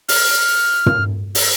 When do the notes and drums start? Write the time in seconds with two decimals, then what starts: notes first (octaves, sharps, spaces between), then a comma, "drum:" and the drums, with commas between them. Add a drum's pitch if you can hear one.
0.09 F6, drum: open hi-hat
0.86 drum: tom
1.35 drum: open hi-hat